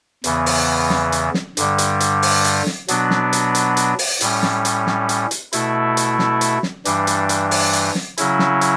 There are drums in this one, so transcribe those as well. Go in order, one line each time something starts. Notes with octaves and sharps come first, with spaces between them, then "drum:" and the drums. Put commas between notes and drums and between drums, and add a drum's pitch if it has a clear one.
E2 C#3 E3 B3, drum: hi-hat
drum: open hi-hat
drum: snare
drum: hi-hat
drum: snare
G2 D3 G3, drum: hi-hat
drum: hi-hat
drum: hi-hat
drum: open hi-hat
drum: hi-hat
drum: snare
B2 F#3 B3 D4, drum: hi-hat
drum: snare
drum: hi-hat
drum: hi-hat
drum: hi-hat
drum: open hi-hat
A2 G3 C#4, drum: hi-hat
drum: snare
drum: hi-hat
drum: snare
drum: hi-hat
drum: hi-hat
B2 A3 E4, drum: hi-hat
drum: hi-hat
drum: snare
drum: hi-hat
drum: snare
G2 E3 G3 D4, drum: hi-hat
drum: hi-hat
drum: hi-hat
drum: open hi-hat
drum: hi-hat
drum: snare
C#3 F#3 C#4 E4, drum: hi-hat
drum: snare
drum: hi-hat